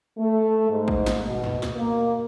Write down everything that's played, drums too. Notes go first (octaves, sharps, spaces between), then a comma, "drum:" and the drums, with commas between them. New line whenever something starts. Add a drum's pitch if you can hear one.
A3
G#2
drum: kick
drum: snare
B2
drum: tom
drum: snare
A#3